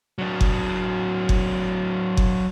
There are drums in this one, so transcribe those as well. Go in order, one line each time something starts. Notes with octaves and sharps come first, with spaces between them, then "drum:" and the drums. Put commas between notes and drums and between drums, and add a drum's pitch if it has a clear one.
F#3 D4
drum: kick F#1
drum: kick F#1
drum: kick F#1